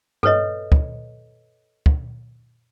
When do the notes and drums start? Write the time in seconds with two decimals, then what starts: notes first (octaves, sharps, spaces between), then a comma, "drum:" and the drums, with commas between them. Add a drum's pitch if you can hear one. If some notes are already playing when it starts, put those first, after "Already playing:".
0.23 A4 B4 C#5 D#5, drum: tom G2
0.72 drum: kick
1.86 drum: kick